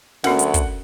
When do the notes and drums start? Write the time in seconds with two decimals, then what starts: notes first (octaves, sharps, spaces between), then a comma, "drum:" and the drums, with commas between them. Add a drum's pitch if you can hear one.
0.24 D2 C#4 F#4 A#4 F#5, drum: snare
0.39 drum: hi-hat
0.54 drum: kick, hi-hat